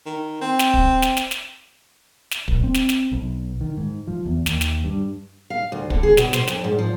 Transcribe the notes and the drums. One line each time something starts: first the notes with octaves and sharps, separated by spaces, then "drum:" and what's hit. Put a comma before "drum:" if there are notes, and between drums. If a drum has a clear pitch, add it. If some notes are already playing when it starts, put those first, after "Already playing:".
D#3
C4
drum: snare
drum: kick
drum: snare
drum: snare
drum: snare
drum: snare
A#1, drum: kick
C4
drum: snare
drum: snare
B1
D#3
G#2
F3
E2
D#2, drum: snare
drum: snare
G2
F5
D2
D3, drum: kick
G#4
B2, drum: snare
C5, drum: snare
F2, drum: snare
G#2
F3